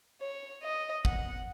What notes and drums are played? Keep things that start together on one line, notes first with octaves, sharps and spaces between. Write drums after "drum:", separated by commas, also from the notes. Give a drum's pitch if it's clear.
C#5
D#5
F#5, drum: kick